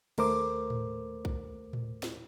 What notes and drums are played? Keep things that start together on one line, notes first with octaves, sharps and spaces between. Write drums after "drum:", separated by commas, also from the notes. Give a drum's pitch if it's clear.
D#2 A3 A#4 C5 D6, drum: cymbal
drum: tom A2
drum: kick
drum: tom A2
drum: snare